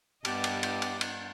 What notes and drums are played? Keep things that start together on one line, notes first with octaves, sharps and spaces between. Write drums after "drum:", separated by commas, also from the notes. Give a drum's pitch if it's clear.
G2 B3 G4 D#5 A5 D6, drum: cymbal
drum: cymbal
drum: cymbal
drum: cymbal
drum: cymbal